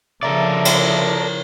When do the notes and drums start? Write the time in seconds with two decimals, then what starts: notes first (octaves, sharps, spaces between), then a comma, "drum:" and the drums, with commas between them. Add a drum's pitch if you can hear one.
0.23 C#3 F3 A4 A#4 D5 E5 A5 A#5
0.65 drum: cymbal